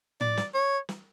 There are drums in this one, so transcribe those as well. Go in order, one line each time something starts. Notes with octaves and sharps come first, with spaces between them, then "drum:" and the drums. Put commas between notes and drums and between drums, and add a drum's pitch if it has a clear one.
D5, drum: tom A2
drum: snare
C#5
drum: snare